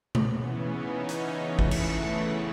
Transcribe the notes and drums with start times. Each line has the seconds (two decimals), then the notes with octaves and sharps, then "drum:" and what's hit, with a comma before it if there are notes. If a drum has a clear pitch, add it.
0.15 C#3 E3 B3, drum: tom B2
0.46 C#4
0.78 D#4
1.09 C#4, drum: hi-hat
1.40 C#3 E3 A3
1.59 drum: kick G#1
1.71 A3, drum: cymbal
2.03 B3